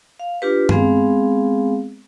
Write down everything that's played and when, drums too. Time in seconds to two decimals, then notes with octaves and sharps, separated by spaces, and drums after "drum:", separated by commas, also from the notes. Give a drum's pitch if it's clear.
0.20 F5
0.42 D4 F4 G4 B4
0.69 G#3 B3 C4 G#4 F5, drum: tom G2